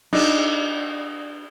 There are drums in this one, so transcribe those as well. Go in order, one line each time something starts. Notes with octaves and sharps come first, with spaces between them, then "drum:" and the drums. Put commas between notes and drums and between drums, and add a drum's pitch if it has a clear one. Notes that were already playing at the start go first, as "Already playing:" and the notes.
D4 D#4, drum: cymbal